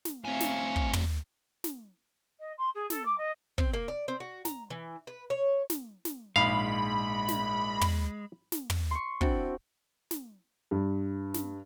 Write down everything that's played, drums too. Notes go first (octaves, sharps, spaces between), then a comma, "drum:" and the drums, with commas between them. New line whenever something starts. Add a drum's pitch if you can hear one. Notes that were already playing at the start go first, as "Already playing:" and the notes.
drum: snare
A2 C4 C#5 E5 F5 G#5
drum: snare
drum: kick
drum: tom
drum: snare
D#5
C6
G#4
A4, drum: snare
D6
D#5
C4, drum: kick
A#3
D5
C4
F#4
A#5, drum: snare
E3
B4
C#5
drum: snare
drum: snare
A#1 G#2 G#3 F5 B5
drum: snare
drum: tom
drum: snare
drum: tom
C6 C#6
C4 D4 E4 F#4 G5, drum: kick
drum: snare
G2
drum: snare